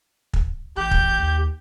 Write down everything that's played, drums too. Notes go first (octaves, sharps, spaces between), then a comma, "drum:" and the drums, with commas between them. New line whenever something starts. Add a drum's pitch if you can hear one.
drum: kick
A1 G4 G6
drum: kick
D#2